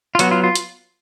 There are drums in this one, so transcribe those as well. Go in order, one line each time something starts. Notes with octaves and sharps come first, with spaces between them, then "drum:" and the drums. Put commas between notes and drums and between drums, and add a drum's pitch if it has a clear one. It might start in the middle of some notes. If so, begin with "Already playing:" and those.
F4
F#3 B3 F#4, drum: hi-hat
F4
F4
drum: hi-hat